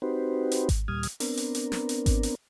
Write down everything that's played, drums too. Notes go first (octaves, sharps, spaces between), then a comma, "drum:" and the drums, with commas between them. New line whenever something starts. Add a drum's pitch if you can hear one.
C4 D#4 F#4 G4 B4 C5
drum: hi-hat
drum: kick G#1, hi-hat
D#2 A#2 G3 D#6 F6 G#6
drum: hi-hat
B3 C4 D4 A#4, drum: open hi-hat
drum: hi-hat
drum: hi-hat
drum: snare
drum: hi-hat
drum: kick G#1, hi-hat
drum: hi-hat